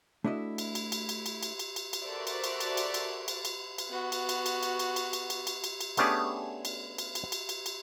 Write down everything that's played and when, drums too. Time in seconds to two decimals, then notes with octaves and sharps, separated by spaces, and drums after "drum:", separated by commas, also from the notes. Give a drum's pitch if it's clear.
0.24 A3 D4 E4 F#4 D#5 E5
0.58 drum: cymbal
0.75 drum: cymbal
0.92 drum: cymbal
1.09 drum: cymbal
1.26 drum: cymbal
1.43 drum: cymbal
1.59 drum: cymbal
1.76 drum: cymbal
1.93 drum: cymbal
2.03 F#4 A4 A#4 C5 D5 E5
2.27 drum: cymbal
2.44 drum: cymbal
2.60 drum: cymbal
2.77 drum: cymbal
2.94 drum: cymbal
3.28 drum: cymbal
3.45 drum: cymbal
3.78 drum: cymbal
3.89 B3 F#4
4.12 drum: cymbal
4.29 drum: cymbal
4.46 drum: cymbal
4.63 drum: cymbal
4.79 drum: cymbal
4.96 drum: cymbal
5.13 drum: cymbal
5.30 drum: cymbal
5.47 drum: cymbal
5.64 drum: cymbal
5.81 drum: cymbal
5.97 A3 B3 C#4 D4 G4 G#4, drum: cymbal
6.65 drum: cymbal
6.98 drum: cymbal
7.15 drum: cymbal
7.32 drum: cymbal
7.49 drum: cymbal
7.66 drum: cymbal